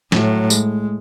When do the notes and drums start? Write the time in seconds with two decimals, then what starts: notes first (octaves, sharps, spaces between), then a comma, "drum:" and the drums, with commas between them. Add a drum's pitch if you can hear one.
0.12 A2 F#3, drum: snare
0.50 G#3, drum: tambourine